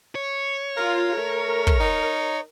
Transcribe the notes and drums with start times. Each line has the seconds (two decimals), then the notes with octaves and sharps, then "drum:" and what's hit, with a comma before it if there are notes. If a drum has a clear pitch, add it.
0.15 C#5
0.77 F4 A#4
1.17 A3 A#4
1.67 drum: kick
1.80 D#4